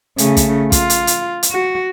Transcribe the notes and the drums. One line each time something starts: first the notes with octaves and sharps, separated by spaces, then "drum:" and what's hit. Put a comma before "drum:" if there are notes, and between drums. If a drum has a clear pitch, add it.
C#3 A3, drum: hi-hat
drum: kick, hi-hat
F4, drum: kick, hi-hat
drum: hi-hat
drum: hi-hat
drum: hi-hat
F#4